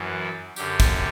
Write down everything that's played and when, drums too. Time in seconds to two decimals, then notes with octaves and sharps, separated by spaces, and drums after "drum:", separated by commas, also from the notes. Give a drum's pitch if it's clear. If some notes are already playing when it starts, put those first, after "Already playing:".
Already playing: F#2 E3
0.56 F#2 D3 G4, drum: tambourine
0.80 drum: kick, tambourine